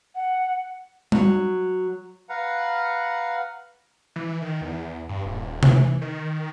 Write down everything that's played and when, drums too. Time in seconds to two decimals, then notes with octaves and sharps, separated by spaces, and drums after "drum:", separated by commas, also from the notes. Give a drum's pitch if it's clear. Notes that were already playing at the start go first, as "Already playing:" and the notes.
0.15 F#5
1.12 F#3, drum: tom G3
2.29 B4 F5 F#5 A#5
4.16 E3
4.42 D#3
4.62 E2
5.09 G2
5.25 D#1
5.63 E3, drum: tom C3
6.01 D#3